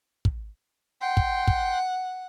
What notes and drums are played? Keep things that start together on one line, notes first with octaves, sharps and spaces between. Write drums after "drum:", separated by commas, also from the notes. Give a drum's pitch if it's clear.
drum: kick
F#5 G5 C6
drum: kick
drum: kick